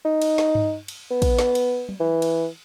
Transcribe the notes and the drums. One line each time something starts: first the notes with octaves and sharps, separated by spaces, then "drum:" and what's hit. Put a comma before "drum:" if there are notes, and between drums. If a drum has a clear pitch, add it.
D#4
drum: cymbal
drum: snare
drum: tom G2
drum: cymbal
B3
drum: kick, cymbal
drum: snare
drum: cymbal
drum: tom
E3
drum: cymbal